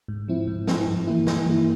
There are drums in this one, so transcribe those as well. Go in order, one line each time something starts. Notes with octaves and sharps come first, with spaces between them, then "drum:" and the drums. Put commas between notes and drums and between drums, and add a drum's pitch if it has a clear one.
G#2
F3 C4 E4
G#2
F3 C4 E4, drum: snare
G2
E3 A#3 E4
G2, drum: snare
E3 A#3 E4